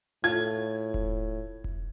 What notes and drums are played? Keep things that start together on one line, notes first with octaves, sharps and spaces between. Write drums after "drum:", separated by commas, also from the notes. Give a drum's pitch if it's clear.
A2 F4 A4 G#6
drum: kick E1
drum: kick E1